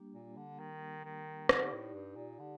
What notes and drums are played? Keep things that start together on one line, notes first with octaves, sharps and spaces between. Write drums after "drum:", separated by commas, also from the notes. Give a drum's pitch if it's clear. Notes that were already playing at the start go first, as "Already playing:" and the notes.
Already playing: G3 A#3 D4 G4
A#2
D3
D#3
D#3
D3 D#4 G4 D5, drum: rim click
A2
G2
A#2
D3